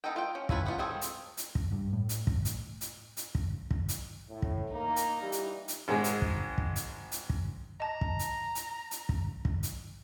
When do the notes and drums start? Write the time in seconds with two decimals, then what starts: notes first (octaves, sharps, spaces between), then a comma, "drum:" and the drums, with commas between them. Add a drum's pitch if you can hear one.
0.04 B3 D#4 A4 D#5 G5
0.16 F4 A4 G5
0.35 C#4
0.49 C#4 E4 F4 B4 C#5, drum: kick
0.65 G3 B3 C#4 D4 F4
0.78 D#3 G#3 C4 G#4 A4
1.01 drum: hi-hat
1.37 drum: hi-hat
1.55 drum: kick
1.72 G2
1.93 A2
2.09 drum: hi-hat
2.27 drum: kick
2.45 drum: hi-hat
2.81 drum: hi-hat
3.17 drum: hi-hat
3.35 drum: kick
3.71 drum: kick
3.89 drum: hi-hat
4.30 A2
4.42 drum: kick
4.72 A#3 D#4 A#5
4.96 drum: hi-hat
5.21 E3 G3
5.32 drum: hi-hat
5.68 drum: hi-hat
5.88 G#1 G#2 G#3
6.04 drum: hi-hat
6.22 drum: kick
6.58 drum: kick
6.76 drum: hi-hat
7.12 drum: hi-hat
7.30 drum: kick
7.80 D#5 A5 A#5
8.01 drum: kick
8.19 drum: hi-hat
8.55 drum: hi-hat
8.91 drum: hi-hat
9.09 drum: kick
9.45 drum: kick
9.63 drum: hi-hat